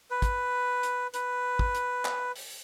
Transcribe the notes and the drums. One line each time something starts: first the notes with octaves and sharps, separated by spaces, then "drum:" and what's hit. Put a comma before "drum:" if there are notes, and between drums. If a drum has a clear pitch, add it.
B4
drum: kick, hi-hat
drum: hi-hat
B4, drum: hi-hat
drum: kick
drum: hi-hat
drum: clap
drum: open hi-hat